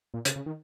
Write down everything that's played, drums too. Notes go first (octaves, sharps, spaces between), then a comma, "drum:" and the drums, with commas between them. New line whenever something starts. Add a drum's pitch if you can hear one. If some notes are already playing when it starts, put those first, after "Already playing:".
A#2
C#3, drum: hi-hat
C#3
D#3